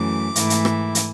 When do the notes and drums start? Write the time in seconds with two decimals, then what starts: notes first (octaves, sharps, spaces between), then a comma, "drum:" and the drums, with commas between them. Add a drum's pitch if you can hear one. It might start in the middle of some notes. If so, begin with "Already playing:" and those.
Already playing: F#2 E3 A3 D6
0.36 G#2 E3 A3 E4, drum: hi-hat
0.50 drum: hi-hat
0.65 drum: rim click
0.95 drum: hi-hat